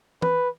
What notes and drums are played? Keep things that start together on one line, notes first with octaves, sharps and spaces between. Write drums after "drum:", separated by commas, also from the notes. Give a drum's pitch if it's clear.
B4, drum: tom E3